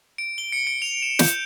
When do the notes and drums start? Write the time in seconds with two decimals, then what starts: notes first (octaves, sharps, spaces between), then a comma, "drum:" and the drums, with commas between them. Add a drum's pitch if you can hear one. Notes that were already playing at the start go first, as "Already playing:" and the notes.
0.18 D7
0.38 G7
0.52 C#7
0.67 D7
0.82 F7
1.03 E7
1.19 G6, drum: snare